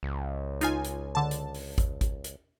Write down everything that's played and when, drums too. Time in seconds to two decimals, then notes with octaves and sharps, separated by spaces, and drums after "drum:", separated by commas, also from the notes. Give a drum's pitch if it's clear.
0.03 C#2
0.61 D#4 F4 G#5, drum: hi-hat
0.85 drum: hi-hat
1.15 D3 A5
1.31 drum: hi-hat
1.54 drum: open hi-hat
1.78 drum: kick G#1, hi-hat
2.01 drum: kick G#1, hi-hat
2.24 drum: hi-hat